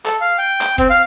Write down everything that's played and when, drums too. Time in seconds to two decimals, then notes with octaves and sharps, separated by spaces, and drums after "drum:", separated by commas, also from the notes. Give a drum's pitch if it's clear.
0.06 A4, drum: clap
0.21 F5
0.38 G5
0.61 drum: clap
0.78 C4, drum: kick, hi-hat
0.90 F5